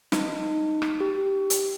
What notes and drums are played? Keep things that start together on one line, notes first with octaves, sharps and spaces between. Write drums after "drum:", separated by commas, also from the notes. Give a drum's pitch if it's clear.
D#4, drum: snare
drum: rim click
G4
drum: hi-hat